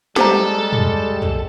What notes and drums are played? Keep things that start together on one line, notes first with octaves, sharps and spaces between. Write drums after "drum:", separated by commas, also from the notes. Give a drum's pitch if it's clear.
G3 G#3 G4 A4 C5 A#5, drum: snare
drum: tom
drum: tom